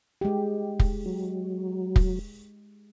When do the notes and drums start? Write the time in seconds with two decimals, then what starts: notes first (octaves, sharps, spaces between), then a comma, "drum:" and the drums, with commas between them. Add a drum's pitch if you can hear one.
0.21 G#3 G4
0.79 drum: kick
1.06 F#3
1.96 drum: kick